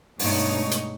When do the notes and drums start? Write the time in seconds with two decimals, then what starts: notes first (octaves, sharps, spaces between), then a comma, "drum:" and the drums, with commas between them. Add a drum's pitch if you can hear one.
0.19 G2 B2 G#3 A3 D#4 C#5, drum: open hi-hat
0.71 drum: hi-hat